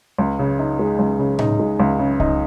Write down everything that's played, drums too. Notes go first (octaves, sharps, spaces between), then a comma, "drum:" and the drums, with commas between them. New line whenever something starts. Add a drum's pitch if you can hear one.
C#2
C#3
D#4
G#3
C#2
C#3
D#4, drum: tom A2
G#3
C#2
C#3
D#4, drum: kick C2